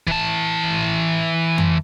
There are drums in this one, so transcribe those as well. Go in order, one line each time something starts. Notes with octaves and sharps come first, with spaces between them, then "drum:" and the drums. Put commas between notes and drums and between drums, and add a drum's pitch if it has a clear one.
E3 A5, drum: kick
drum: tom F2